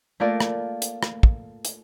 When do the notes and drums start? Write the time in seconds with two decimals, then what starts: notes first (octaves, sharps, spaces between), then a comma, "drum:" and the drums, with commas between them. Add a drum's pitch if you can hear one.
0.20 A3 A#3 F4 A#4 D5
0.40 drum: rim click
0.82 drum: hi-hat
1.03 drum: rim click
1.23 drum: kick
1.65 drum: hi-hat